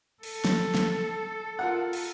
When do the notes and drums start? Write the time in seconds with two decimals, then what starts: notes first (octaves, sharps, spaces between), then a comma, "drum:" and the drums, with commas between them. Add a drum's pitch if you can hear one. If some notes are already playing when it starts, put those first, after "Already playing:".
0.23 A4, drum: cymbal
0.45 drum: snare
0.75 drum: snare
1.59 F4 A#4 F#5
1.93 drum: cymbal